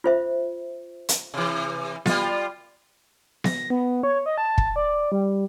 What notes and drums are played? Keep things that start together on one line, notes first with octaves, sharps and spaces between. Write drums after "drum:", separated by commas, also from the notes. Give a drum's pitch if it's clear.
F4 C5 E5
drum: hi-hat
C3 E3
G3 F4, drum: snare B3
A#6, drum: snare B3
B3
C#5
D#5
A5
drum: kick
D5
G3